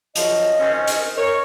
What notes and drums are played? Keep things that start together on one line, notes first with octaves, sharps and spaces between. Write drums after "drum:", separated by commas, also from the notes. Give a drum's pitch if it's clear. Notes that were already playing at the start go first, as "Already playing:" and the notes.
F#2 F3 D#5, drum: hi-hat
D#3 C4 C#4
drum: hi-hat
A#4 C#5